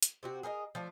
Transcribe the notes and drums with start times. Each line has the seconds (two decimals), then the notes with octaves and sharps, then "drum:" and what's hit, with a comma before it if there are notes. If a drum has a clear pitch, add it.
0.02 drum: hi-hat
0.23 C3 C4 F#4
0.43 G#4 A#4 C5 D#5
0.75 F3 A3 D4